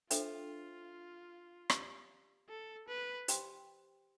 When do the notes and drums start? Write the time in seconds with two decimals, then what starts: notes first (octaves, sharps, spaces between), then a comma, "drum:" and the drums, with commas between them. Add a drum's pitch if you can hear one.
0.11 D4 F4 A4 C5 E5 G5, drum: hi-hat
1.70 G4 D5 F5 C6, drum: rim click
2.49 A4
2.88 B4
3.28 G4 C5 G5 C6, drum: hi-hat